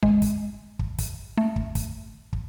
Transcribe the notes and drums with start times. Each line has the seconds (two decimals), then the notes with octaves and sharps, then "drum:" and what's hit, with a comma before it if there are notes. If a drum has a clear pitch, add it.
0.03 G#3, drum: kick
0.22 drum: kick, hi-hat
0.79 drum: kick
0.98 drum: kick, hi-hat
1.38 A3
1.56 drum: kick
1.75 drum: kick, hi-hat
2.33 drum: kick